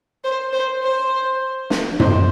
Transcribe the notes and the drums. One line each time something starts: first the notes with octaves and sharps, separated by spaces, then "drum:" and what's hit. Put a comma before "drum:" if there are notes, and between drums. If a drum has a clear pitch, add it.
C5
C5
C5
drum: snare
C5, drum: tom F#2